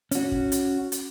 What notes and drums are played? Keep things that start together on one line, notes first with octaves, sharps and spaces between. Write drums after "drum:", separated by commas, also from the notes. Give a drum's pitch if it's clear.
C#4 F#4, drum: hi-hat
drum: kick
drum: hi-hat
drum: hi-hat